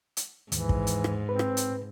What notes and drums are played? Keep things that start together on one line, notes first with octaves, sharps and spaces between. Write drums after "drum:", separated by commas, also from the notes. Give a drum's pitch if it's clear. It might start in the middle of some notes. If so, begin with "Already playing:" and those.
drum: hi-hat
D#2 G#2 E3, drum: hi-hat
drum: kick
drum: hi-hat
drum: rim click
C4 B4
drum: rim click
drum: hi-hat